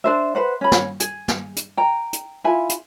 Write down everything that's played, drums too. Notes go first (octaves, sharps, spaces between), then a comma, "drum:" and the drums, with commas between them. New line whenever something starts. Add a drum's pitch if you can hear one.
D4 C5 E5
B4 C5 F#5
C#4 B5
drum: snare
G#4, drum: hi-hat
drum: snare
drum: hi-hat
G5 A#5
drum: hi-hat
E4 F4 G#5
drum: hi-hat